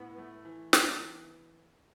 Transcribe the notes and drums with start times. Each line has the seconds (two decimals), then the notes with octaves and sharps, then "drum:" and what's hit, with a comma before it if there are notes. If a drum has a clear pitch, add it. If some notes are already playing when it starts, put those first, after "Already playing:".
Already playing: A2 B3
0.18 A3
0.45 E3
0.73 B3, drum: snare
1.00 E3